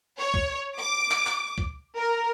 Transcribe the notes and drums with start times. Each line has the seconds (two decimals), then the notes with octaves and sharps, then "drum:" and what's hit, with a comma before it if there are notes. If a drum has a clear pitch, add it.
0.18 C#5
0.34 drum: kick
0.78 D6
1.11 drum: clap
1.27 drum: clap
1.58 drum: kick
1.97 A#4